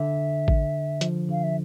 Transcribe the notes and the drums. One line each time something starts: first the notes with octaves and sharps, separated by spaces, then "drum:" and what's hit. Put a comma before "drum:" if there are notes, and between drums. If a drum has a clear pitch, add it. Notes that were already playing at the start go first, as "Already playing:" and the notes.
Already playing: D3 E5
drum: kick A1
F3, drum: hi-hat
D3 F5
E5